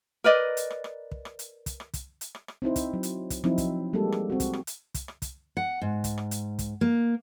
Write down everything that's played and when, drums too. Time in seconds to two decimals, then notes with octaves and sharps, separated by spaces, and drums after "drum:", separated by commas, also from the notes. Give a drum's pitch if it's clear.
0.24 A#4 B4 D5 D#5
0.57 drum: hi-hat
0.70 drum: rim click
0.84 drum: rim click
1.11 drum: kick
1.25 drum: rim click
1.39 drum: hi-hat
1.66 drum: kick, hi-hat
1.80 drum: rim click
1.94 drum: kick, hi-hat
2.21 drum: hi-hat
2.35 drum: rim click
2.48 drum: rim click
2.62 C4 D#4 E4 C5
2.76 drum: kick, hi-hat
2.94 F#3
3.03 drum: hi-hat
3.30 drum: kick, hi-hat
3.44 F3 F#3 C4 D#4 E4, drum: rim click
3.58 drum: kick, hi-hat
3.93 G3 G#3 A#3 G4 A4
4.12 drum: rim click
4.30 C4 F#4
4.40 drum: kick, hi-hat
4.53 drum: rim click
4.67 drum: hi-hat
4.94 drum: kick, hi-hat
5.08 drum: rim click
5.22 drum: kick, hi-hat
5.57 F#5
5.82 G#2
6.04 drum: kick, hi-hat
6.18 drum: rim click
6.31 drum: hi-hat
6.59 drum: kick, hi-hat
6.81 A#3